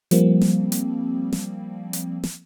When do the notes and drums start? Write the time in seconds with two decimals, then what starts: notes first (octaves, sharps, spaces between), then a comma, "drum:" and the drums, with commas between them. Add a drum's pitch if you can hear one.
0.11 F3 G3 A#3 C4, drum: hi-hat
0.41 drum: snare
0.72 drum: hi-hat
1.33 drum: snare
1.93 drum: hi-hat
2.24 drum: snare